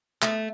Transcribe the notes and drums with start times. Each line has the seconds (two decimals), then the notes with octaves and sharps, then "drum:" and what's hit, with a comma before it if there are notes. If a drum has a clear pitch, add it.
0.22 A3, drum: clap